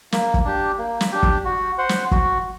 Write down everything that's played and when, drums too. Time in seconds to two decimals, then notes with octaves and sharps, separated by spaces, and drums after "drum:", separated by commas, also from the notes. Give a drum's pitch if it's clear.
0.12 A#3, drum: snare
0.34 drum: kick
0.45 D4 G4
0.78 A#3
1.01 drum: snare
1.12 D4 G4
1.23 drum: kick
1.45 F#4
1.78 C5 F#5
1.89 drum: snare
2.11 F#4, drum: kick